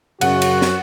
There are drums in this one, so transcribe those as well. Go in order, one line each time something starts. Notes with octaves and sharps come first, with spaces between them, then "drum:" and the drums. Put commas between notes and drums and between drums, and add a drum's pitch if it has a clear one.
F#2 C#3 F#4 F#5, drum: cymbal
drum: cymbal
drum: snare